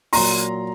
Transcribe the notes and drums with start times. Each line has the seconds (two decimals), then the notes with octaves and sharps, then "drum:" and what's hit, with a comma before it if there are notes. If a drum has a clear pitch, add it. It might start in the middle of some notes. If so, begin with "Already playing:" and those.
0.13 A#2 F#3 A#5 C6, drum: open hi-hat